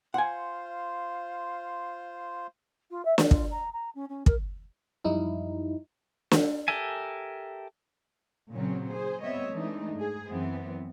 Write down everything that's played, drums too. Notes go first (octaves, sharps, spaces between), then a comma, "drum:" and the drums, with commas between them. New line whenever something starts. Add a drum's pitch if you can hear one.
F4 C5 F5 F#5 G#5
F4
E5
D5, drum: snare
F4, drum: kick
A#5
A#5
C#4
C#4
A#4, drum: kick
F#2 F3 G3 D#4 E4
drum: snare
G4 A4 A#4 E5 G#5
A#2 C#3 F#3 C4 C#4
C#3 G#4 C5
G3 B3 C4 C#5 D#5 E5
E3 G#3 A3 D4 D#4
G#2 G#4
F#2 E3 B3 C4